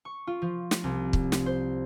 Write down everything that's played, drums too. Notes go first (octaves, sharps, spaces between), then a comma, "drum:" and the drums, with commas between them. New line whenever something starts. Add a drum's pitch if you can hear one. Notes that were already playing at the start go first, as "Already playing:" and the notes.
C#6
F4
F3
drum: snare
C2
drum: kick
drum: snare
C5